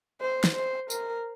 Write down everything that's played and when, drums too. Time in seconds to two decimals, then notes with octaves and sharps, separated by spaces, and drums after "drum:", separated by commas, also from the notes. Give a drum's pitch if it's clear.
0.21 C5
0.44 drum: snare
0.55 C5
0.90 A#4, drum: tambourine